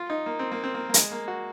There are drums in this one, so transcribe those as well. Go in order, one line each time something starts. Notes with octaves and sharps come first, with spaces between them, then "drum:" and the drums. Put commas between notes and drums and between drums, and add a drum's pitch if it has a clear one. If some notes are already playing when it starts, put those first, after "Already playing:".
Already playing: F4
D#4
A#3
C4
A#3
C4
A#3
A#3
G#3, drum: hi-hat
A#3
F#4